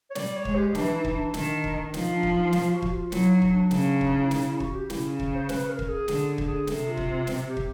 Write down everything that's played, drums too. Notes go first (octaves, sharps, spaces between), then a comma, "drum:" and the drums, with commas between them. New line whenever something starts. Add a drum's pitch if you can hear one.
C#5
G3 D5, drum: snare
C#5
G#3, drum: kick
G4
E3 D4, drum: snare
D#4
drum: kick
D4
D#3, drum: snare
drum: kick
F3 D#4, drum: snare
D4
drum: kick
D#4
F4, drum: snare
F#4
drum: kick
F4
F#3 E4, drum: snare
D#4
drum: kick
D4
C#3, drum: snare
drum: kick
E4
D#4, drum: snare
E4
F#4, drum: kick
G4
C#3 E4, drum: snare
drum: kick
C5
B4, drum: snare
A#4
drum: kick
G#4
D3 G#4, drum: snare
drum: kick
G#4
C3 A4, drum: snare
F4
drum: kick
F4
drum: snare
G4
drum: kick